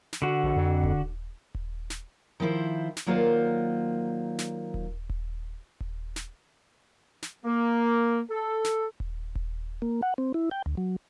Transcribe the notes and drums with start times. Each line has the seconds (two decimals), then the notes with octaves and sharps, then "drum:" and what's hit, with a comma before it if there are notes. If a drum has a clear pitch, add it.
0.13 drum: snare
0.22 D3 F#4
0.44 A#1
0.56 F2
0.84 drum: kick D#1
1.55 drum: kick D#1
1.90 drum: snare
2.40 D#3 F3 E4 C5
2.97 drum: snare
3.06 D#3 F#3 A#3 F4 C5 D5
4.39 drum: snare
4.74 drum: kick D#1
5.10 drum: kick D#1
5.80 drum: kick D#1
6.16 drum: snare
7.22 drum: snare
7.45 A#3
8.31 A4
8.64 drum: snare
9.00 drum: kick D#1
9.35 drum: kick D#1
9.82 A#3
10.02 F#5
10.18 C4
10.34 E4
10.51 G5
10.66 D2
10.77 F#3